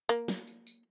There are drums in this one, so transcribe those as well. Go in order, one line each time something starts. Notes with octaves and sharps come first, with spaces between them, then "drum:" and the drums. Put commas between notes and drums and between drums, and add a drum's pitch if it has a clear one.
A#3, drum: tambourine
drum: snare
drum: tambourine
drum: tambourine